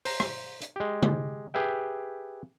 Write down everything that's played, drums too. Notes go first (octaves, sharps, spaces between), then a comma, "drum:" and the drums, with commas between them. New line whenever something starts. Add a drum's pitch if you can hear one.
C5 A#5, drum: open hi-hat
drum: rim click
drum: hi-hat
G#3 G4
drum: tom C#3
G4 G#4 B4 E5 G5